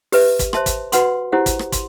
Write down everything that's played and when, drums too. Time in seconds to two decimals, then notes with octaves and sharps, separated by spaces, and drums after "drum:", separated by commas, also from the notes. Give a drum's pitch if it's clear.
0.12 G4 B4 E5, drum: open hi-hat
0.39 drum: kick, hi-hat
0.53 C5 E5 A5 C6, drum: rim click
0.66 drum: kick, hi-hat
0.92 F#4 B4 F#5 C6, drum: hi-hat
1.32 E4 G4 C5 F#5
1.46 drum: kick, hi-hat
1.59 drum: rim click
1.72 C6, drum: kick, hi-hat